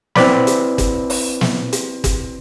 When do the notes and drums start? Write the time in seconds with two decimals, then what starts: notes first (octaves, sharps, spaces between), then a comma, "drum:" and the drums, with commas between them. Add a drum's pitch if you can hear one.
0.15 C4 E4 B4 D5 B5, drum: snare
0.47 drum: hi-hat
0.78 drum: kick, hi-hat
1.10 drum: open hi-hat
1.41 drum: snare
1.73 drum: hi-hat
2.04 drum: kick, hi-hat